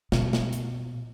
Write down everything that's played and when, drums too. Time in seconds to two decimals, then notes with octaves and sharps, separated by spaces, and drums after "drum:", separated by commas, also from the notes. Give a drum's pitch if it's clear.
0.12 B2, drum: snare
0.33 drum: snare
0.53 drum: hi-hat